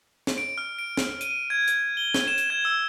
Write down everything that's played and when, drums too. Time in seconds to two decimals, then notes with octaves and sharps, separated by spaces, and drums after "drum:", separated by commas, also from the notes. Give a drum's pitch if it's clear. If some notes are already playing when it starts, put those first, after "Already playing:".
0.27 drum: snare
0.38 D7
0.58 F6
0.79 D7
0.97 drum: snare
1.21 D#7, drum: hi-hat
1.50 G#6
1.68 drum: hi-hat
1.97 G7
2.14 drum: snare
2.27 E7
2.38 drum: hi-hat
2.50 G#6
2.65 E6